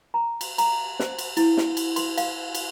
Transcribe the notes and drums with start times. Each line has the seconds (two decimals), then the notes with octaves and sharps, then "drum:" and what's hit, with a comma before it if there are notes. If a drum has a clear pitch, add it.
0.14 A#5
0.41 drum: cymbal
0.58 A#5, drum: cymbal
1.00 C5, drum: snare
1.18 drum: cymbal
1.37 E4, drum: cymbal
1.57 drum: snare
1.77 drum: cymbal
1.96 C6, drum: cymbal
2.18 F5, drum: cymbal
2.55 drum: cymbal